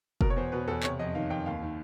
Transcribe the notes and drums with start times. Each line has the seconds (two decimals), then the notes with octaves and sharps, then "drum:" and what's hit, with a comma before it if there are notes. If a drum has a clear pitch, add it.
0.21 B2 A#4, drum: kick
0.30 C#5
0.36 E2 C5
0.52 B2 B4
0.68 E2 A4
0.83 C3 C#5, drum: clap
0.99 F2 D#5
1.15 D#3 F5
1.30 F2 G5
1.46 D#2 F5
1.62 D#3